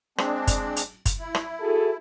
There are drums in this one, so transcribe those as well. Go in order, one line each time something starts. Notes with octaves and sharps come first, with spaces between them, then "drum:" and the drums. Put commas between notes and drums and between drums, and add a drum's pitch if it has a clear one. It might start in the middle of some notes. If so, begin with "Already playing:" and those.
G#3 C4 D4, drum: rim click
drum: kick, hi-hat
drum: hi-hat
drum: kick, hi-hat
E4
drum: rim click
F#4 G#4 A4